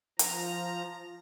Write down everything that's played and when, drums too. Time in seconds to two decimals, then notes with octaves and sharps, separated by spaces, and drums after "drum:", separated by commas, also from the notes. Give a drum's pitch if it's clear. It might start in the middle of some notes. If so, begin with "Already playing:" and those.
0.19 F3 A#5, drum: hi-hat